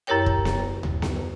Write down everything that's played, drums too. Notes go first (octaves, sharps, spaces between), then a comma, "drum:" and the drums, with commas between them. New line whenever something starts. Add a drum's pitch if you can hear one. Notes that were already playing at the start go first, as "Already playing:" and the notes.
F#2 E4 G4 A#4 C#5 G5
drum: kick
drum: snare B3
drum: tom D2
drum: snare B3